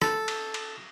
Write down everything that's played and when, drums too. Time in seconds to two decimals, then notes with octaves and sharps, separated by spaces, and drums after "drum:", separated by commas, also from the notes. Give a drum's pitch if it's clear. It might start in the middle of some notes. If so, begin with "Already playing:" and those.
0.02 A4, drum: rim click
0.28 drum: cymbal
0.54 drum: cymbal